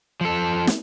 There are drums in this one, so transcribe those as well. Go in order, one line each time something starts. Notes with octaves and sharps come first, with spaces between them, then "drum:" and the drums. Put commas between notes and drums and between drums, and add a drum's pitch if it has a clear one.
F3 A4
drum: snare